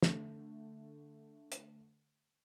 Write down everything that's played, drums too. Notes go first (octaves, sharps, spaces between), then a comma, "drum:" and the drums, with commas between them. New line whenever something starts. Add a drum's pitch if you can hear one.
D3 A3, drum: snare
drum: hi-hat